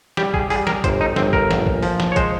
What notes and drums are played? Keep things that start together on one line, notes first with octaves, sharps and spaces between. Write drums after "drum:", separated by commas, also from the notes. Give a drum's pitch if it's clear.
G3 G4, drum: snare
G#4, drum: kick A1
G3 G#4, drum: open hi-hat
A#4, drum: snare
G1 C5, drum: kick A1, hi-hat
D#4
G1 C4, drum: snare
A#4, drum: kick A1
A#1, drum: snare
drum: kick A1
F3, drum: open hi-hat
drum: snare
C#5
G#3 C5, drum: kick A1, hi-hat